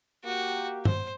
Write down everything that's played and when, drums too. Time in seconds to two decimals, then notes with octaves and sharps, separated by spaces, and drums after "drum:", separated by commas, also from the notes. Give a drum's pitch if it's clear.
0.24 A#3 F#4 G4
0.85 C5, drum: tom G2